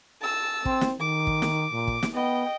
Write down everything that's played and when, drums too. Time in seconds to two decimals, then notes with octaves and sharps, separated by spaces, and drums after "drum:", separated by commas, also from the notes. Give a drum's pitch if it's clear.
0.22 A5 E6
0.65 C4, drum: kick
0.81 drum: snare
1.00 D#3 D6
1.27 drum: kick
1.42 drum: snare
1.72 A#2
1.87 drum: kick
2.03 drum: snare
2.15 B3 D#5 G5